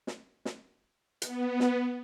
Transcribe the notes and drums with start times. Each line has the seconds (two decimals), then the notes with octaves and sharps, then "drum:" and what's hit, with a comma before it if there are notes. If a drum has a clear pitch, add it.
0.07 drum: snare
0.45 drum: snare
1.22 B3, drum: hi-hat
1.60 drum: snare